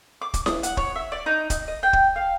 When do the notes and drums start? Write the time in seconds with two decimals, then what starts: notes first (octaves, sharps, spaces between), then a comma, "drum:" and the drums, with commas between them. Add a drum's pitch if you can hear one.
0.22 D6
0.34 drum: kick, hi-hat
0.46 D#6, drum: snare E4
0.63 F#5, drum: hi-hat
0.77 C#5, drum: kick
0.96 E5
1.12 D5
1.26 D#4
1.50 D#5, drum: kick, hi-hat
1.68 D#5
1.83 G5
1.93 drum: kick
2.16 F5